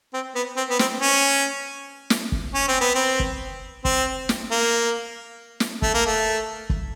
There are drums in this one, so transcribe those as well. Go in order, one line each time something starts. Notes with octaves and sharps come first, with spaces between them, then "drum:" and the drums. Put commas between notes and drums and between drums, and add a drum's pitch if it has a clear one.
C4
B3
C4
B3
C4, drum: snare
C#4
drum: snare
drum: kick
C#4
C4
B3
C4
drum: kick
C4, drum: kick
drum: snare
A#3
drum: snare
A3, drum: kick
A#3
A3
drum: kick